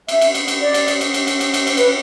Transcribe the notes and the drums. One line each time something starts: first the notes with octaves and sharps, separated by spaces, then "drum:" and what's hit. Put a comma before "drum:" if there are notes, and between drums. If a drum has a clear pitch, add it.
E5, drum: cymbal
drum: cymbal
drum: cymbal
drum: cymbal
D5
drum: cymbal
drum: cymbal
drum: cymbal
drum: cymbal
drum: cymbal
drum: cymbal
drum: cymbal
C5, drum: cymbal
B4, drum: cymbal